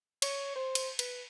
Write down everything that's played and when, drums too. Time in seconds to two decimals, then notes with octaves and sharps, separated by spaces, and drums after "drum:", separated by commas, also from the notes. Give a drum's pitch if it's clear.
0.22 C#5, drum: cymbal
0.56 C5
0.75 drum: cymbal
0.99 B4, drum: cymbal